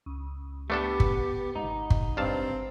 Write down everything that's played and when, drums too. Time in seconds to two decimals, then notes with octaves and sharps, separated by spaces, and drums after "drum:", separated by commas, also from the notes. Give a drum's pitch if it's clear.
0.06 C#2
0.70 A3 B3 D4 G4 A4
1.00 drum: kick G1
1.55 G#1 D#4
1.90 drum: kick G1
2.17 G2 C4 F5 A5